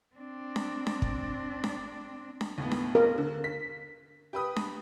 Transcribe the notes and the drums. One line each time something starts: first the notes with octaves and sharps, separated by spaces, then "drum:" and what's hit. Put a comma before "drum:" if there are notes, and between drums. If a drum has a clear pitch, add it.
C4 D4
drum: snare D4
drum: snare D4
drum: kick
drum: snare D4
drum: snare D4
D#2 A2 B3
drum: snare D4
A#4
D3
B6
G4 B4 D#6
drum: snare D4